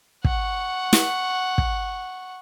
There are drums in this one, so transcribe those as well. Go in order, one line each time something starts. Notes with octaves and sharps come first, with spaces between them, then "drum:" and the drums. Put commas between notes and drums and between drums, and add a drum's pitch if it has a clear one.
F#5 C#6, drum: kick
drum: snare
drum: kick